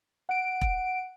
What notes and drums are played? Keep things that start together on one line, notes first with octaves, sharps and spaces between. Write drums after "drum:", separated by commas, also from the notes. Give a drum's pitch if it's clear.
F#5 D7
drum: kick E1